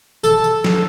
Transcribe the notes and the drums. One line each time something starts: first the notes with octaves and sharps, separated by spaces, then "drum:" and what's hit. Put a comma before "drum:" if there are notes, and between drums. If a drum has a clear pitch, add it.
A4, drum: tambourine
drum: tambourine
drum: snare